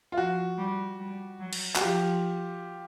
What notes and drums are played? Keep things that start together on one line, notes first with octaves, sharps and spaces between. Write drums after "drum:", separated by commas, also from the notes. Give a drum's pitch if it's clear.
F4
F3 F#4
G3
G3
F#3
drum: cymbal
F#4, drum: clap
F3 F4 G4